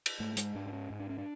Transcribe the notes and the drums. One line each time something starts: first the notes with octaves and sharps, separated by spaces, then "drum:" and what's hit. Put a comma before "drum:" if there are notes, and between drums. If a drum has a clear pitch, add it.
drum: cymbal
G#2 A3
G#3, drum: hi-hat
G#2 D4
D4
C#4
G#2
D4
C#4
D4